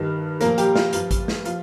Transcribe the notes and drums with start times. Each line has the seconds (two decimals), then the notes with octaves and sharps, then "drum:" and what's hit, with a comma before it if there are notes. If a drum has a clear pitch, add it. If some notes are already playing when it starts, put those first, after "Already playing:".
Already playing: G2 D#3
0.41 A#2 F3 A#3 A#4, drum: hi-hat
0.58 G3 G4, drum: hi-hat
0.75 F4, drum: snare
0.93 G2 F3 F4, drum: hi-hat
1.11 drum: kick, hi-hat
1.28 drum: snare
1.45 F3 F4, drum: hi-hat